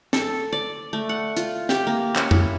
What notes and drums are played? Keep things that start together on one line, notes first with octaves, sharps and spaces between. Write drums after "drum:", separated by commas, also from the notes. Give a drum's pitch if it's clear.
A4, drum: snare
D5
A3
F#5
F4, drum: hi-hat
G4, drum: snare
A#3
C#4, drum: clap
E4, drum: tom F2